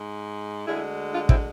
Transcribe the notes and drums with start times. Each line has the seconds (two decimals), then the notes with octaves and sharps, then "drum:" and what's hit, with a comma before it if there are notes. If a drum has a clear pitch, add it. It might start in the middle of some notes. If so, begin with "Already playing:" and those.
Already playing: G#2 G#3
0.67 D2 D3 G#3 E4 G#4
1.13 D4 F4
1.29 C4 E4, drum: kick